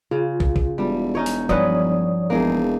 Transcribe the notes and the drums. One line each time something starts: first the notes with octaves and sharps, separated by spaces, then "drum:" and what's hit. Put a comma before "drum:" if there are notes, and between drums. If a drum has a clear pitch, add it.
C#3 F4
drum: kick
drum: kick
E1 G3
C#4 D#4 C#5
drum: open hi-hat
G2 F3 F#3 C#4 B4 C#5 D5 D#6
E1 A#3 D#4 G#4